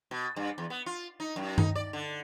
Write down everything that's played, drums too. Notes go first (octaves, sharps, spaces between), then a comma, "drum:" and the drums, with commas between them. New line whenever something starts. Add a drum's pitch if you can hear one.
B2
G2
E2
B3
F4
D#4
F#2
D#4, drum: tom G2
D5
D3